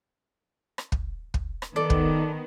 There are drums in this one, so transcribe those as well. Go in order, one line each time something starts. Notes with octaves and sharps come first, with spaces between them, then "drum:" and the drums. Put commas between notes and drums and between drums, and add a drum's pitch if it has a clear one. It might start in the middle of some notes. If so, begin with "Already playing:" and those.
drum: rim click
drum: kick
drum: kick
drum: rim click
D#3 B3 A4 D5
drum: kick